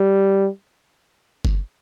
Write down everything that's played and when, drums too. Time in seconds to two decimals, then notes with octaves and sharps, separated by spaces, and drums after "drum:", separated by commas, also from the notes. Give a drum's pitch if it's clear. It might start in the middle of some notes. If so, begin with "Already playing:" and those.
Already playing: G3
1.45 drum: kick F#1